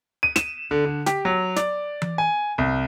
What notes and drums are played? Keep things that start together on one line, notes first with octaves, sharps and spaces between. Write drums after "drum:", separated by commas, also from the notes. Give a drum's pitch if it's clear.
D#7
E7, drum: snare
D3
D3
G4, drum: snare
F#3
D5, drum: snare
drum: tom E3
G#5
C2